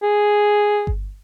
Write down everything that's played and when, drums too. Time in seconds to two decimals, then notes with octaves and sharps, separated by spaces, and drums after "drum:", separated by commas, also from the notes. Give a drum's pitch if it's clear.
0.03 G#4
0.87 drum: kick G1